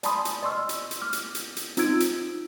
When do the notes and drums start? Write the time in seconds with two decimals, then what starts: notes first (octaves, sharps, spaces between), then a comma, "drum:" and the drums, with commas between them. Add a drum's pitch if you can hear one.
0.03 D5 G#5 A5 B5 C6 D#6, drum: hi-hat
0.25 drum: hi-hat
0.43 D5 D#5 C6 C#6 E6 F6
0.58 E6
0.69 drum: hi-hat
0.91 drum: hi-hat
1.02 D6 F6
1.13 drum: hi-hat
1.35 drum: hi-hat
1.57 drum: hi-hat
1.77 C4 D#4 F4 E6 G#6 D7, drum: hi-hat
2.00 drum: hi-hat